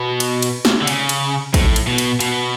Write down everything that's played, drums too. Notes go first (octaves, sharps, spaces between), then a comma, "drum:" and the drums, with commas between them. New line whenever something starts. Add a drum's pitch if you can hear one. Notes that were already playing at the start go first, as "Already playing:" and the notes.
Already playing: B2
drum: cymbal
drum: cymbal
drum: snare
D3
C#3, drum: cymbal
drum: cymbal
A2, drum: kick, cymbal
drum: cymbal
B2
drum: cymbal
B2, drum: cymbal